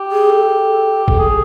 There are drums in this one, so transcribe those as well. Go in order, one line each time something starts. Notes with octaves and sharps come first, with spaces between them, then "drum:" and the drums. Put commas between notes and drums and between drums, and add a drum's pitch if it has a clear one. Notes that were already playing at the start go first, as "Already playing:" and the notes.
Already playing: G4
G#4
A4
drum: kick
G#4